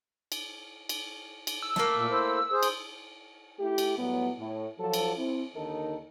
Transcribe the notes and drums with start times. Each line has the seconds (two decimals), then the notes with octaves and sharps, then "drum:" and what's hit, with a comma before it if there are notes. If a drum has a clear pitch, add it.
0.32 drum: cymbal
0.89 drum: cymbal
1.47 drum: cymbal
1.62 E6
1.76 A3 A#3, drum: snare
1.96 A#2
2.10 E4 C5
2.52 G#4 C5
2.63 drum: cymbal
3.60 A3 E4 G4
3.78 drum: cymbal
3.98 A2 F#3 G3 B3
4.38 A2
4.79 F3 F#3 A4
4.94 drum: cymbal
5.17 C4 E4
5.55 D#2 D3 D#3 D#4 A4 A#4